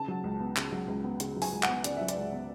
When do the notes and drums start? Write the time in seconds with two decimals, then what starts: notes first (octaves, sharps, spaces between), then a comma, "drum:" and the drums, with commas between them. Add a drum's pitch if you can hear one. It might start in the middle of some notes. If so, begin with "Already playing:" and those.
Already playing: C#3 A5
0.08 F#3
0.24 C#2
0.40 B3
0.57 C#3, drum: clap
0.72 F#3
0.88 C#2
1.04 B3
1.20 C#3, drum: hi-hat
1.36 F#3
1.42 G#5, drum: open hi-hat
1.52 C#2
1.63 F#5, drum: clap
1.68 B3
1.84 C#3 D5, drum: hi-hat
1.96 F#3 E5
2.08 D5, drum: hi-hat
2.16 C#2
2.32 B3